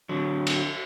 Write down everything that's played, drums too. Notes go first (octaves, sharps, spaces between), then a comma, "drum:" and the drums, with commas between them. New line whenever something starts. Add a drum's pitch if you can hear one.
D3 F#3
drum: cymbal